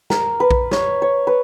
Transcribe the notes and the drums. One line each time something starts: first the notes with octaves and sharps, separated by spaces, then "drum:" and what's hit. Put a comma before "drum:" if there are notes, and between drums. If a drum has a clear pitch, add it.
A#4, drum: snare
B4
drum: kick A#1
C#5, drum: snare
C#5
B4